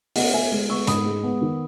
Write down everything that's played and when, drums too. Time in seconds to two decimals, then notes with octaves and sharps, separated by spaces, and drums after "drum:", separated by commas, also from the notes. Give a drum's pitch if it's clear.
0.16 B3 D#5 F#5, drum: open hi-hat
0.34 B3 E5 G#5
0.52 G#3
0.69 B3 C#6 E6
0.87 G#2 B5 D#6, drum: hi-hat
1.06 G#3
1.23 B3
1.41 D#3